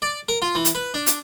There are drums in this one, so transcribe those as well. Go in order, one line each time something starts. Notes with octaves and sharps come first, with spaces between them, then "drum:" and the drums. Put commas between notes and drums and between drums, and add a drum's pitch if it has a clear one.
D5
A#4
F4
E3
drum: hi-hat
B4
D4
drum: hi-hat